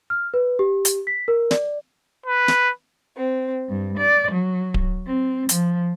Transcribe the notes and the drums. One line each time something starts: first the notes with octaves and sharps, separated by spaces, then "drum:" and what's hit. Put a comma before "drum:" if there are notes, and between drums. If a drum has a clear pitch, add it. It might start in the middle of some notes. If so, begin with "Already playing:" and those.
F6
B4
G4
drum: hi-hat
B6
A#4
D5, drum: snare
B4
drum: snare
C4
G2
D5
F#3
drum: kick D1
C4
F3, drum: hi-hat